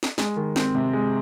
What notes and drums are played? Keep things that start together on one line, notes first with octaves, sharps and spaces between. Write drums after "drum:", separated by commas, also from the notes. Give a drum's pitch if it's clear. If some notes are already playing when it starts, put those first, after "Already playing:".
drum: snare
G#3, drum: snare
D#3
C4, drum: snare
C3
G#3